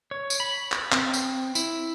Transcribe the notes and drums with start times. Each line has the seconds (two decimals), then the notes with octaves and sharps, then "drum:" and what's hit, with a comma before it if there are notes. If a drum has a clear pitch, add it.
0.11 C#5
0.30 drum: tambourine
0.40 B5
0.72 drum: clap
0.92 C4, drum: clap
1.14 drum: tambourine
1.55 E4, drum: tambourine